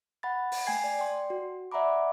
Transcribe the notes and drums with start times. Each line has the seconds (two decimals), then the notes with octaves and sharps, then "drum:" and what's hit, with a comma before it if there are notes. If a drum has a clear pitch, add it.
0.23 F#5 B5 A6
0.52 drum: open hi-hat
0.66 A3 G5 G#5 G#6 C7
0.84 D5
0.99 D5 G5 C6
1.30 F#4
1.71 D5 E5 F#5 A#5 B5 D6